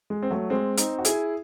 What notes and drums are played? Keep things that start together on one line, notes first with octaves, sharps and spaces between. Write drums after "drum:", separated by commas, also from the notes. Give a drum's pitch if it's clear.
G#3
C4
F#3 A3
G#3 C4
C4 D#4, drum: hi-hat
F#4
E4 G#4, drum: hi-hat